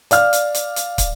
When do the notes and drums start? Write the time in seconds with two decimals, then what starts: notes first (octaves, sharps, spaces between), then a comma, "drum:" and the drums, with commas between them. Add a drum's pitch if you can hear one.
0.11 D5 F5 F6, drum: hi-hat
0.33 drum: hi-hat
0.54 drum: hi-hat
0.76 drum: hi-hat
0.98 drum: kick, hi-hat